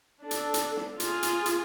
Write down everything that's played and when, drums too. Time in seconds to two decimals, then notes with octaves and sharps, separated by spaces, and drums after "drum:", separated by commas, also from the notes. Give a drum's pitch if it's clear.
0.21 D4 A4
0.31 drum: hi-hat
0.54 drum: hi-hat
0.77 drum: snare
1.00 F4 G#4, drum: hi-hat
1.23 drum: hi-hat
1.46 drum: hi-hat